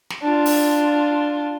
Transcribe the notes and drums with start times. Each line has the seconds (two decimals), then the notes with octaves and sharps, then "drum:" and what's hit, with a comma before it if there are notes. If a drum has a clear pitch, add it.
0.10 drum: snare
0.22 D4 F4
0.46 drum: open hi-hat